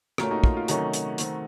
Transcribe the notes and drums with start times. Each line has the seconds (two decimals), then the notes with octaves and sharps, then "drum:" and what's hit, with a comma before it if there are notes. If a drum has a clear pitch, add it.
0.18 A#2 A3 C#4 F#4 A#4, drum: rim click
0.31 D#4 F#4
0.44 F4, drum: kick
0.57 F4
0.68 C3 D#3 F#3 A3 C#4 D#4 F#4, drum: hi-hat
0.93 drum: hi-hat
1.18 D#3 A3 C4, drum: hi-hat